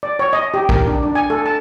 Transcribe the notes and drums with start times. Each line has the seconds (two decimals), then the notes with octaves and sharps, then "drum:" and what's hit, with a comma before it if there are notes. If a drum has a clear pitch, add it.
0.03 D5
0.19 C#5
0.33 D#5
0.54 G4
0.69 A#4, drum: kick A#1
0.87 D4
1.03 D4
1.15 G#5
1.30 A4
1.46 A5